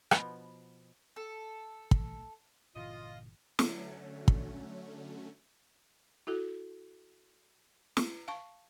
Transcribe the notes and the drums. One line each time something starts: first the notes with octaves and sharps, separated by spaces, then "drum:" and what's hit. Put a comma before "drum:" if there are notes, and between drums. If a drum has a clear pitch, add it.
B2 F3 B3, drum: rim click
A4
drum: kick
G1 A#2 D3 E3 F4 D#5
D3 F#3 A3 C#4, drum: snare
drum: kick
E4 F#4 A4
drum: snare
F5 A5 C#6